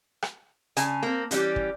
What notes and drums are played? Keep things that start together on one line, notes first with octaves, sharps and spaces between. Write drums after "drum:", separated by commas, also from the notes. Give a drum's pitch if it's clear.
drum: rim click
C#3 G#5 A5, drum: hi-hat
A#3 C4
E3 G3 C#4 G4, drum: hi-hat
drum: kick